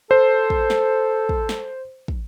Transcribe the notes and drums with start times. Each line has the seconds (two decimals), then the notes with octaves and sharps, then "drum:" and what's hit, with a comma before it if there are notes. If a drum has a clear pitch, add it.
0.11 A4 C5
0.50 drum: kick
0.70 drum: snare
1.29 drum: kick
1.49 drum: snare
2.08 drum: kick